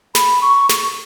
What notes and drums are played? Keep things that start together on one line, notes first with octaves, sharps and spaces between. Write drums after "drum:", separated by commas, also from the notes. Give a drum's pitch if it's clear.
B5, drum: snare
C#6
drum: snare